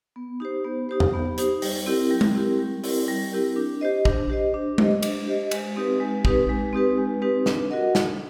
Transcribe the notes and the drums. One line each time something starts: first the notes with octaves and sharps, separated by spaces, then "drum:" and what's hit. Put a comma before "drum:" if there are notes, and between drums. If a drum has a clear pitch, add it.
B3
D#4 G4 C5
B3
D#4 G4 C5
drum: tom E2
B3
D#4 G4 C5, drum: hi-hat
G3, drum: open hi-hat
C4 E4 G4 A#4
G3
drum: tom G#3
C4 E4 G4 A#4
G3
C4 E4 G4 A#4, drum: open hi-hat
G3
C4 E4 G4 A#4
D4
G4 C5 D#5
D4, drum: kick
G4 C5 D#5
D4
G4 C5 D#5, drum: tom G#3
D4, drum: cymbal
G4 C5 D#5
G#3, drum: cymbal
C4 D#4 G4 B4
G#3
C4 D#4 G4 B4, drum: kick
G#3
C4 D#4 G4 B4
G#3
C4 D#4 G4 B4
D4, drum: snare
F#4 A#4 D#5 F#5
D4, drum: snare